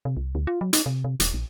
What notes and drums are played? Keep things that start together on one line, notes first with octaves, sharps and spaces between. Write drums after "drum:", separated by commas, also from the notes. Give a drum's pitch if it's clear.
C3
C2
D2
F4
F#3
D#4, drum: hi-hat
C3
C3
D#1, drum: hi-hat
A#1